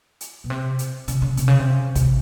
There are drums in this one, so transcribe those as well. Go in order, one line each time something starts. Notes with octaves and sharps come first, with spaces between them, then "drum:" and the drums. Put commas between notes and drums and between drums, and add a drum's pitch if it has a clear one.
drum: hi-hat
B2
C3
drum: hi-hat
C#3, drum: hi-hat
C#3
C3, drum: hi-hat
C#3
C3
C3, drum: kick, hi-hat